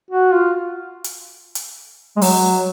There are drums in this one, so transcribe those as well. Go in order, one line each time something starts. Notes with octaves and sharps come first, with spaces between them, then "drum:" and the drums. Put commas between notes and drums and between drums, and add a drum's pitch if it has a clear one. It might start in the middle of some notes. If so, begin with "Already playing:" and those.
F#4
F4
drum: hi-hat
drum: hi-hat
G#3
F#3, drum: open hi-hat